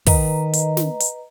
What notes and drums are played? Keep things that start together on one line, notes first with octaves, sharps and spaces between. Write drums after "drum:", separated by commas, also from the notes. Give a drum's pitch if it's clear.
D#3 B4 D#5 A#5, drum: kick, open hi-hat
drum: hi-hat
drum: snare
drum: hi-hat